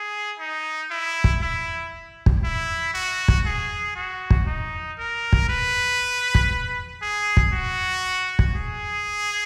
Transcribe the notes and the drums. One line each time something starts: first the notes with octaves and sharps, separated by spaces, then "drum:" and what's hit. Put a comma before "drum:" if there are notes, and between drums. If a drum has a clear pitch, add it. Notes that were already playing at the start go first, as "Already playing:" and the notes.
Already playing: G#4
D#4
E4
drum: kick
E4
drum: kick
E4
F#4
drum: kick
G#4
F#4
drum: kick
D#4
A#4
drum: kick
B4
drum: kick
G#4
drum: kick
F#4
drum: kick
G#4